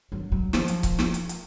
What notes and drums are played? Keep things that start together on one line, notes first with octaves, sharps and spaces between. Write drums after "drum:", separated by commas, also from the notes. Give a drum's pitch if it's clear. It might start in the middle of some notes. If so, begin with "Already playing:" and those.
F#3
F#3
F3, drum: snare
drum: hi-hat
drum: kick C#1, hi-hat
drum: snare
drum: hi-hat
drum: hi-hat